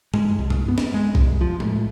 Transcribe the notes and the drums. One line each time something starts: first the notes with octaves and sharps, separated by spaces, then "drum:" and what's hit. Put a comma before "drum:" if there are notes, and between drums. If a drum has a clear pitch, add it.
G#3, drum: tom G2
C2
drum: tom G2
B3
drum: snare
G#3
C2, drum: kick B1
F3
A2, drum: tom G#3